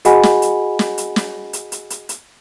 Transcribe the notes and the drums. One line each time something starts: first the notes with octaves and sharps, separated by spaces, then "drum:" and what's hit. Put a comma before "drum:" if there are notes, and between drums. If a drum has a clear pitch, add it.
F#4 G#4 D#5 F#5 G#5 B5, drum: hi-hat
drum: snare
drum: hi-hat
drum: snare
drum: hi-hat
drum: snare
drum: hi-hat
drum: hi-hat
drum: hi-hat
drum: hi-hat